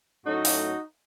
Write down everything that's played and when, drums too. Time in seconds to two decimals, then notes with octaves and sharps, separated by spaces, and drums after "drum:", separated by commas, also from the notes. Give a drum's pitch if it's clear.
0.25 A2 F#3 A3 C#4 D#4 F#4
0.45 drum: open hi-hat